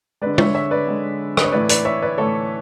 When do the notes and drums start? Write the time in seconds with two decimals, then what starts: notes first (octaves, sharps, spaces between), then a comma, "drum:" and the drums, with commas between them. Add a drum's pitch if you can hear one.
0.22 D3 G#3 B4 D5
0.38 C#5 E5, drum: tom
0.55 C#5 E5
0.71 B4 D5
0.87 D3 G#3
1.37 B4, drum: rim click
1.44 C#5
1.52 A2 E3 A3 B4 D5
1.69 B4 D5, drum: hi-hat
1.85 C#5 E5
2.02 B4 D5
2.18 A2 E3 A3 A4 C#5